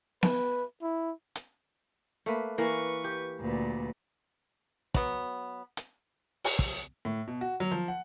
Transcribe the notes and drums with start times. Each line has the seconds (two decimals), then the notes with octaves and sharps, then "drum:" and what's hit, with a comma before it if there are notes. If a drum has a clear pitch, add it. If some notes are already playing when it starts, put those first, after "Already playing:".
0.23 B4, drum: snare B3
0.82 E4
1.36 drum: hi-hat
2.26 A3 A#3 B4
2.58 E3 A#3 A#4 B4 C#6
3.04 G4
3.40 D2 A#2 B4
4.94 F#3 B3, drum: kick
5.77 drum: hi-hat
6.44 drum: open hi-hat
6.59 drum: kick
7.05 A2
7.28 B2
7.41 F#4
7.60 F#3
7.72 F3
7.88 F#5